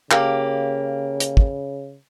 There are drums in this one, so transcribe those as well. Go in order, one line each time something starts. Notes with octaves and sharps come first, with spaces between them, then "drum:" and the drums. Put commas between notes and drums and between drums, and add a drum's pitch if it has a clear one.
C#3 A#3 G4, drum: clap
drum: hi-hat
drum: kick